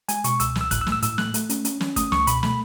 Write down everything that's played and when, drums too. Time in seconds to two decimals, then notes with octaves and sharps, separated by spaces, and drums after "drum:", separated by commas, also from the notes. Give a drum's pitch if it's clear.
0.09 G#3 G#5, drum: hi-hat
0.24 B2 C#6, drum: hi-hat
0.40 C#2 E6, drum: hi-hat
0.55 C#2, drum: snare
0.61 E6
0.71 A2 F#6, drum: kick, hi-hat
0.81 E6
0.87 A3, drum: snare
0.92 E6
1.02 A2 E6, drum: hi-hat
1.18 A3 F#6, drum: snare
1.34 A3, drum: hi-hat
1.49 C#4, drum: hi-hat
1.65 C#4, drum: hi-hat
1.81 C#4, drum: snare
1.96 A3 D#6, drum: kick, hi-hat
2.12 C#2 C#6, drum: snare
2.27 B2 B5, drum: hi-hat
2.43 A3 B5, drum: snare